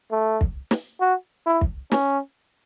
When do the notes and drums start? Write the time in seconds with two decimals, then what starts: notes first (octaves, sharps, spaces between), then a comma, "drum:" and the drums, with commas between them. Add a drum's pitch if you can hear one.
0.11 A3
0.41 drum: kick
0.71 drum: snare
1.00 F#4
1.46 E4
1.61 drum: kick
1.92 C#4, drum: snare